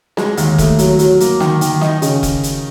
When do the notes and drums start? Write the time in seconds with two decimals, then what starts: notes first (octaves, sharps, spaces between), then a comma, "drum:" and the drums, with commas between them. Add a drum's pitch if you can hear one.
0.17 G#3, drum: snare
0.37 D#2, drum: hi-hat
0.58 A3, drum: kick F1, hi-hat
0.79 F#3, drum: hi-hat
0.99 F#3, drum: hi-hat
1.20 A#3, drum: hi-hat
1.40 D#3, drum: snare
1.61 D#3, drum: hi-hat
1.81 D#4, drum: snare
2.02 C#3, drum: hi-hat
2.23 drum: kick F1, hi-hat
2.43 drum: hi-hat